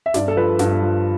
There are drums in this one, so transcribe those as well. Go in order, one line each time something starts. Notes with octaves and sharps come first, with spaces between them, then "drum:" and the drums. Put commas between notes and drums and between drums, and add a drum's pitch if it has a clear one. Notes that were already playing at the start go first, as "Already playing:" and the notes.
E5
G2 D5, drum: snare
A4
F3 B4
G2, drum: snare
F3